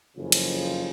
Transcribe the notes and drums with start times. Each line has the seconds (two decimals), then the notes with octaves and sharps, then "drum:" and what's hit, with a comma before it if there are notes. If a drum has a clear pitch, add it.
0.15 F#1 F2 C#3 F3
0.32 drum: cymbal